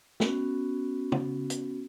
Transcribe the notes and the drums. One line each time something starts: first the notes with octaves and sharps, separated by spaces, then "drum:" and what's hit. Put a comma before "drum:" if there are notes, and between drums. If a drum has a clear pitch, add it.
B3 C#4 F#4, drum: snare
drum: tom C#3
drum: hi-hat